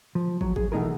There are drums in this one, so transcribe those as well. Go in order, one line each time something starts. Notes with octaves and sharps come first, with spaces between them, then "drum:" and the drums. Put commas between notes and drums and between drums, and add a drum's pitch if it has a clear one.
F3
F#3, drum: kick
G#4, drum: kick
B2 E3 A3 D#4 G#4 A#4